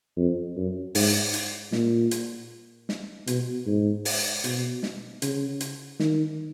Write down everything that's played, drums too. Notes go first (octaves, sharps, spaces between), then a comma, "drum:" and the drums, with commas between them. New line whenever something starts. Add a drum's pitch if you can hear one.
F2
F#2
G#2, drum: open hi-hat
drum: hi-hat
A#2, drum: snare
drum: hi-hat
drum: snare
B2, drum: hi-hat
G#2
drum: open hi-hat
B2, drum: hi-hat
drum: snare
C#3, drum: hi-hat
drum: hi-hat
D#3, drum: snare